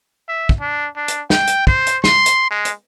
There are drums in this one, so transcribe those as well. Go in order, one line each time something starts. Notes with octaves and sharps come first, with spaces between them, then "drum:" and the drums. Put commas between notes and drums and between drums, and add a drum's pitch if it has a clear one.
E5
drum: kick
D4
D4
drum: hi-hat
G5, drum: snare
drum: hi-hat
C5, drum: kick
drum: hi-hat
C6, drum: snare
drum: hi-hat
G#3
drum: hi-hat